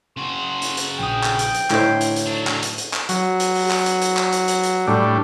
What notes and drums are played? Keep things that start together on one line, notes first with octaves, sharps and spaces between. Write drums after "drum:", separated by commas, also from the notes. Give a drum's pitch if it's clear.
C#3 F#4 C6
drum: hi-hat
drum: hi-hat
A#1 G5 D#6
drum: clap
drum: hi-hat
drum: hi-hat
A2 D3 D#4 C5 C#5 E5, drum: clap
drum: hi-hat
drum: hi-hat
F#3 D4
drum: clap
drum: hi-hat
drum: hi-hat
drum: clap
F#3, drum: hi-hat
drum: hi-hat
drum: open hi-hat
drum: clap
drum: hi-hat
drum: hi-hat
drum: clap
drum: hi-hat
drum: hi-hat
drum: hi-hat
A2 G3 D4